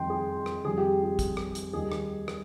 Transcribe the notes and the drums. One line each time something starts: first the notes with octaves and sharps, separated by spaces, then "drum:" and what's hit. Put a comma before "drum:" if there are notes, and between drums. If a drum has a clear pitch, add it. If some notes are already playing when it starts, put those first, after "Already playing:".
Already playing: F2 D#3 G3 G5 C6
G#4
drum: rim click
F2 D#3 G3 G#4
G4
G4
drum: kick, hi-hat
drum: rim click
drum: hi-hat
D#2 D#3 G3 G#4
drum: rim click
drum: rim click